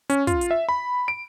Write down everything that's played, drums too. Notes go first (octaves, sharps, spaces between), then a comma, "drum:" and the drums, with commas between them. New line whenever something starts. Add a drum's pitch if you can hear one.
C#4, drum: hi-hat
F4, drum: kick, hi-hat
drum: hi-hat
E5
B5
D7